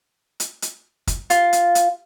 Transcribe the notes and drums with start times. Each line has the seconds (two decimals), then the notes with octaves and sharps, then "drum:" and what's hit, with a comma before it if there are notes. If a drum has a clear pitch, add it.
0.40 drum: hi-hat
0.62 drum: hi-hat
1.07 drum: kick, hi-hat
1.30 F4, drum: hi-hat
1.53 drum: hi-hat
1.75 drum: hi-hat